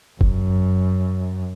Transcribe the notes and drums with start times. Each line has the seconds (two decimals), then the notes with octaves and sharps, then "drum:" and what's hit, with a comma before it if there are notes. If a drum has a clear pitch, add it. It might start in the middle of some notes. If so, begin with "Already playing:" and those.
0.21 F#2, drum: kick F#1